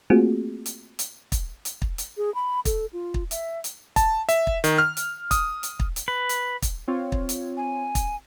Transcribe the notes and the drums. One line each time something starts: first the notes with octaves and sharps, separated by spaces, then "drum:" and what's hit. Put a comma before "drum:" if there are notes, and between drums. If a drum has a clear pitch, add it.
A3 A#3 C4 F4 F#4 G#4
drum: hi-hat
drum: hi-hat
drum: kick, hi-hat
drum: hi-hat
drum: kick
drum: hi-hat
G#4
B5
A4, drum: kick, hi-hat
F4
drum: kick
E5, drum: hi-hat
drum: hi-hat
A5, drum: kick, hi-hat
E5, drum: hi-hat
drum: kick
D#3, drum: hi-hat
F6
drum: hi-hat
D#6, drum: kick, hi-hat
drum: hi-hat
drum: kick
drum: hi-hat
B4
drum: hi-hat
drum: kick, hi-hat
C4 F4 C#5
drum: kick
drum: hi-hat
G#5
drum: kick, hi-hat